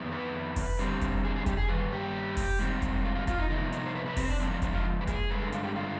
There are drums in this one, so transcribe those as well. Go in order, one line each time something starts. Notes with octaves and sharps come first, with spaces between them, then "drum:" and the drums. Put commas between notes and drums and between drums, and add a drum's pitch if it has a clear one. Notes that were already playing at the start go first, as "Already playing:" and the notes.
Already playing: F2 D#3 B3
B4
drum: kick F1, open hi-hat
D3 G3 C4
drum: kick F1, hi-hat
G#4
G#4
G4, drum: kick F1, hi-hat
G#4
G2 D#3 B4
G4
drum: kick F1, open hi-hat
G#2 D#3 G3 C4
drum: kick F1, hi-hat
F4
F4
F4, drum: kick F1, hi-hat
D#4
C3 F3 B3 D#4
D#4, drum: hi-hat
C5
B4
B4
C4, drum: kick F1, open hi-hat
D4
G#2 F3 C4 D4
C4
D4, drum: kick F1, hi-hat
F4
B4
G#4, drum: kick F1, hi-hat
G2 D3 G#3 B4
G#4
F4, drum: hi-hat
G4
F4